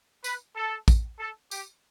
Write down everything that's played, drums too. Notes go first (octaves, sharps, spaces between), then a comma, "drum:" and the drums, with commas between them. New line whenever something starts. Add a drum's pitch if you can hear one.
B4, drum: tambourine
A4
drum: kick, tambourine
A4
G4, drum: tambourine